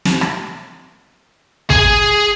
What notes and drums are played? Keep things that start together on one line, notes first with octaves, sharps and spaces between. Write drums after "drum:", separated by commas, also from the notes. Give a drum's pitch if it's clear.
drum: snare
drum: rim click
G#4 G#5, drum: kick